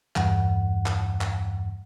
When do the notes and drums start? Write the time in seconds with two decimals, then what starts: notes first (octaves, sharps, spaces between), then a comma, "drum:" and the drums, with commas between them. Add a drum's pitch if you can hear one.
0.16 E2 G2 F#5, drum: clap
0.86 drum: clap
1.21 drum: clap